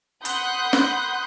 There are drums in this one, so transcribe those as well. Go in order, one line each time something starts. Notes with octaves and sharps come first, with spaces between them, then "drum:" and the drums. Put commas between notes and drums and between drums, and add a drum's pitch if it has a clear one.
F#5 B5 C6 D#6 F#6 G6, drum: hi-hat
drum: snare